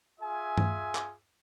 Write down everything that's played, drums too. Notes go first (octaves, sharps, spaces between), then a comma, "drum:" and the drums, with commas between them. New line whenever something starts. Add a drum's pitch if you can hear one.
F4 G#4 E5 G#5
drum: tom G2
drum: clap